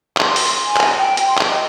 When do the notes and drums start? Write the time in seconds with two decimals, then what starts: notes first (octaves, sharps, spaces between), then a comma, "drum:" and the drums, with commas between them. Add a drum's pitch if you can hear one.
0.17 C6, drum: clap
0.36 drum: open hi-hat
0.65 G#5
0.77 drum: clap
0.97 G5
1.17 drum: hi-hat
1.27 C6
1.38 drum: clap
1.49 D#5